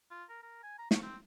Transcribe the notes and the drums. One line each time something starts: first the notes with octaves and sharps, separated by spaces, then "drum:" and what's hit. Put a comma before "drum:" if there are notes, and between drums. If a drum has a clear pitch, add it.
F4
A#4
A#4
G#5
A#5
C#6, drum: snare
C4